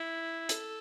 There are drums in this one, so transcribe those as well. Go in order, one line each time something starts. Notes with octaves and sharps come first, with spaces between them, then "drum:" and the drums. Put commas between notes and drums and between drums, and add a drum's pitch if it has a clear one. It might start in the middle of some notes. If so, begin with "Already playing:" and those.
Already playing: E4
A4, drum: hi-hat